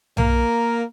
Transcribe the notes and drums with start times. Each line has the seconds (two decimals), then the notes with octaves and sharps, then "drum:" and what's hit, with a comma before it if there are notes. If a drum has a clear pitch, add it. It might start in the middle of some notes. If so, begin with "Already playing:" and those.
0.17 A#3 A#4, drum: tom B1